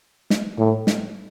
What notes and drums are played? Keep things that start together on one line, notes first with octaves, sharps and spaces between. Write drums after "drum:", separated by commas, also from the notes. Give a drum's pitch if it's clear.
drum: snare
A2
drum: snare